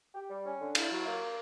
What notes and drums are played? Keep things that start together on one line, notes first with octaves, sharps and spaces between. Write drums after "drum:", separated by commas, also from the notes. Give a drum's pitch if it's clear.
G4
G3
C#4
D3
E4, drum: cymbal
F#3
A#3